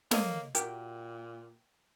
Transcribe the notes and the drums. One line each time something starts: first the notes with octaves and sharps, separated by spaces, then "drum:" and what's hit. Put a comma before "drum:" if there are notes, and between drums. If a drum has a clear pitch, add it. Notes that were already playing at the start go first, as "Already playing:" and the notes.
A#3 A4 C#5 D#5, drum: snare
A#2 F#4 G4 A#4, drum: hi-hat